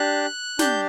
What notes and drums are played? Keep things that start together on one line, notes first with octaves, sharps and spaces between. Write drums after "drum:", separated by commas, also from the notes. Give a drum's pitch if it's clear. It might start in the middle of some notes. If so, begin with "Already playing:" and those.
Already playing: D4 G4 F#6
D4 G4 G6, drum: snare